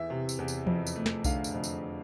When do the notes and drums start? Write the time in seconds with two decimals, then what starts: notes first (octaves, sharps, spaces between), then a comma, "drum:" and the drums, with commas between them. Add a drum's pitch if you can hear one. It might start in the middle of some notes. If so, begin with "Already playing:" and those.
Already playing: E2 E3 E5
0.10 C3
0.29 drum: tambourine
0.39 E2
0.48 drum: tambourine
0.67 F2, drum: tom E3
0.87 drum: tambourine
0.96 A3
1.06 drum: snare
1.24 D3 F5, drum: kick B1, tambourine
1.44 drum: tambourine
1.54 F2
1.64 drum: tambourine